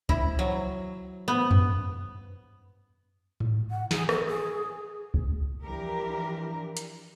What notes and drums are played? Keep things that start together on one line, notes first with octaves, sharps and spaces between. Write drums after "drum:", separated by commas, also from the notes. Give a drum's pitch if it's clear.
E4, drum: kick C#2
F#3
B3
drum: tom F2
drum: tom G#2
F#5
G#4, drum: snare
A4, drum: rim click
G#4
drum: kick C#2
E3 F3 D4 G4 A#4
drum: hi-hat